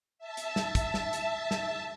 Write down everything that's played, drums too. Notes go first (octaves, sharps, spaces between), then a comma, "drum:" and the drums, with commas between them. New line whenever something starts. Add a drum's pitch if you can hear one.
E5 A5
drum: hi-hat
drum: snare
drum: kick, hi-hat
drum: snare
drum: hi-hat
drum: snare